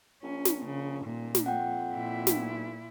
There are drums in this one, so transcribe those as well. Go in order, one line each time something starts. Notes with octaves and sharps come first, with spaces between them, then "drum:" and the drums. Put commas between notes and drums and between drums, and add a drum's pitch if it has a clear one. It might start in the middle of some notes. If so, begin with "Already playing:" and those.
A#1 C#4
drum: snare
C#3
D#1 A#2
drum: snare
F2 F#5 G5
A#2 E4
B1, drum: snare